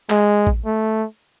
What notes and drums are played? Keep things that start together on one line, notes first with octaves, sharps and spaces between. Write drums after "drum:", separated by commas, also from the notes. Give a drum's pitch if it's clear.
G#3, drum: clap
drum: kick A1
A3